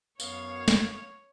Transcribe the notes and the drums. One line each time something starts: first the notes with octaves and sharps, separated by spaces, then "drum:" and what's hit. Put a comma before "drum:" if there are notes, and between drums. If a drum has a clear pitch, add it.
F#2 B3 C#5 F5, drum: tambourine
drum: snare